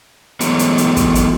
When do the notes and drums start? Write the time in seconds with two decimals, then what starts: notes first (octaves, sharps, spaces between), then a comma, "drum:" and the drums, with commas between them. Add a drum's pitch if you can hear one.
0.40 E3 F#3 G#3 A3 B3, drum: hi-hat
0.59 drum: hi-hat
0.78 drum: hi-hat
0.97 drum: kick, hi-hat
1.15 drum: hi-hat